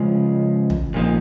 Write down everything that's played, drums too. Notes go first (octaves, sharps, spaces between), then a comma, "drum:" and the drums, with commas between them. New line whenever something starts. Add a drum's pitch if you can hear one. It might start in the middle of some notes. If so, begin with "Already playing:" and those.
Already playing: C#3 F3 G#3
drum: tom
A#2 F3 A#3 D#4